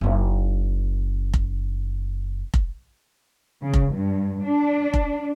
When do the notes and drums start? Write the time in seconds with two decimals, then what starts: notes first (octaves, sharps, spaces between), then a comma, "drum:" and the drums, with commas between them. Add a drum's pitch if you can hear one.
0.01 F#1 D#3
1.34 drum: kick F1
2.54 drum: kick F1
3.62 C#3
3.74 drum: kick F1
3.94 G2
4.44 D4
4.94 drum: kick F1